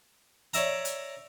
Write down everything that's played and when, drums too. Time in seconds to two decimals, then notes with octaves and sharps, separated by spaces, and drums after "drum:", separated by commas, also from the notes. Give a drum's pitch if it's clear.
0.54 C#5 D5 E5 A#5, drum: hi-hat
0.85 drum: hi-hat